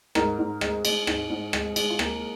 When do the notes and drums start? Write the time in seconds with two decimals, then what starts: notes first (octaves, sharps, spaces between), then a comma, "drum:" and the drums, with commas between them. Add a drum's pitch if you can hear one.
0.15 G#2 A#4, drum: rim click
0.39 G#2
0.61 G#3, drum: rim click
0.85 G#3, drum: cymbal
1.07 G#2, drum: rim click
1.30 G#2
1.53 G#3, drum: rim click
1.76 G#3, drum: cymbal
1.90 F4
1.99 A#3 G#4, drum: rim click